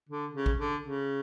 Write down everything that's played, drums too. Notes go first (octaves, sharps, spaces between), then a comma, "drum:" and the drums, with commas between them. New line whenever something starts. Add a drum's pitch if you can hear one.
D3
C#3
drum: kick A#1
D3
C#3